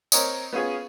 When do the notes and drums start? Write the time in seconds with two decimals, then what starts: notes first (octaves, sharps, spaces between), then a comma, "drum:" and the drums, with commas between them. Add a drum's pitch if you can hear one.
0.12 C4 A#4 C#5 D#5, drum: tambourine
0.53 B3 C#4 F4 G#4 C#5